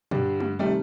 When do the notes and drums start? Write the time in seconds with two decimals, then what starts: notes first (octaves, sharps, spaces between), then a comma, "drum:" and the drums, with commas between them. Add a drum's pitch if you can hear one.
0.11 G2 D3 G3, drum: tom A#2
0.40 drum: tom G#3
0.59 C3 D#3 G3 A3